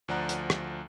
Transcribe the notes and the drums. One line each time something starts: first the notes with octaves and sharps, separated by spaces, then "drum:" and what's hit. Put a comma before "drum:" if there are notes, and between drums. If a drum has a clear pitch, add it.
D2 F3 D5 F#5 A#5 F#6
drum: hi-hat
drum: rim click